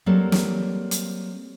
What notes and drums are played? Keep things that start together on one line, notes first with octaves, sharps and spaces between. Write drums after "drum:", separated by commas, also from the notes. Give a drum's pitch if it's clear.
F#3 G3 A#3 C4 A4
drum: snare
drum: hi-hat